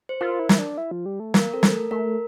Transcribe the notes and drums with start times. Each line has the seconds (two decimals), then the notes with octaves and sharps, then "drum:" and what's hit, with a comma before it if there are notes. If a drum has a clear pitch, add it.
0.09 C5
0.21 F4 A#4
0.39 E4
0.49 drum: snare
0.59 D4
0.78 E4
0.91 F3
1.06 G3
1.20 A3
1.34 A#3 A#4, drum: snare
1.53 C4 A4
1.63 drum: snare
1.72 A3 A#4
1.91 A3 A#4